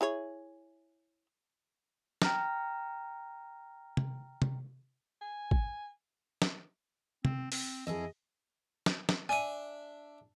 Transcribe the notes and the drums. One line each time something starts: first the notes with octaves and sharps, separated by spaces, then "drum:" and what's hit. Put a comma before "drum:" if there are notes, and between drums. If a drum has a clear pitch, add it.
E4 G#4 C#5
G5 A#5 F6 A#6, drum: snare
drum: tom C3
drum: tom C3
G#5
drum: kick G#1
drum: snare
C4, drum: tom C3
C4, drum: open hi-hat
F2 E4 G#4 D#5
drum: snare
drum: snare
D4 E5 G#5 D#7